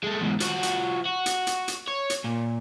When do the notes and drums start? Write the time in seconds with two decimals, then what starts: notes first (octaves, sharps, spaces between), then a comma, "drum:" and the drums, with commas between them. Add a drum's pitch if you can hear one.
0.03 G#3 A3
0.21 E2 G#2
0.40 F3 F#4, drum: hi-hat
0.63 drum: hi-hat
1.05 F#4
1.26 drum: hi-hat
1.47 drum: hi-hat
1.68 drum: hi-hat
1.88 C#5
2.10 drum: hi-hat
2.25 A#2